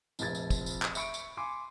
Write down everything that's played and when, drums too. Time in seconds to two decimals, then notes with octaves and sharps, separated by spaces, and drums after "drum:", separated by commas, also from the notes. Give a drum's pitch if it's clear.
0.19 F1 A#1 F3 C4 G#6 A6, drum: tambourine
0.35 drum: tambourine
0.50 drum: kick, tambourine
0.66 drum: tambourine
0.82 drum: clap
0.95 E5 B5 C#6 C#7 D7, drum: tambourine
1.14 drum: tambourine
1.37 G#5 B5 C6 D6